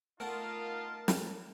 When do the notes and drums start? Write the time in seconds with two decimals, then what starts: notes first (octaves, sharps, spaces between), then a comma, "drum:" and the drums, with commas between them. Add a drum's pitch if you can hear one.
0.20 A3 B3 D#4 F4 A#4 A5
1.08 drum: snare